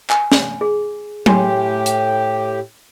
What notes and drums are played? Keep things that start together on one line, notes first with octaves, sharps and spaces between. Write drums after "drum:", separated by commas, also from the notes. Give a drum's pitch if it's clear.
G#5, drum: clap
drum: snare
G#4
A2 G4 C#5 G#5 C6, drum: tom F#3
drum: hi-hat